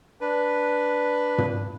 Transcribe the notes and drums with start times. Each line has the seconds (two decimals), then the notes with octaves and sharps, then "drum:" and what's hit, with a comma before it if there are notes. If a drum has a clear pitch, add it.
0.21 D4 B4
1.38 drum: tom